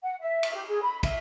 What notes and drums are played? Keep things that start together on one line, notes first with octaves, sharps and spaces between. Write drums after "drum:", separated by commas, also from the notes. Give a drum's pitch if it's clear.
F#5
E5
drum: cymbal
G4
G#4
B5
E5, drum: kick, cymbal